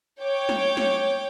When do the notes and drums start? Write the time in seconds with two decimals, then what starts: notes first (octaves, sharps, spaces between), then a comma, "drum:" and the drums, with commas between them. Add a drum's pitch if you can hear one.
0.21 C#5 G5 D6
0.49 drum: snare
0.77 drum: snare